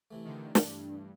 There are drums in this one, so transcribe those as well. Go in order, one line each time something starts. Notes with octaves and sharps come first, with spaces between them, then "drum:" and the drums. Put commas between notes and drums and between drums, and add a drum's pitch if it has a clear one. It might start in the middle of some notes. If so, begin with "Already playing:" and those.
C3 E3 A3
D3 D#3
G2 D4, drum: snare